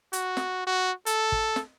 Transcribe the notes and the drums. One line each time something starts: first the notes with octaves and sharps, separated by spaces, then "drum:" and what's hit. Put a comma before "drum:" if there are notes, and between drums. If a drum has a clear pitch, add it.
F#4, drum: hi-hat
drum: snare
F#4
A4, drum: hi-hat
drum: kick
drum: snare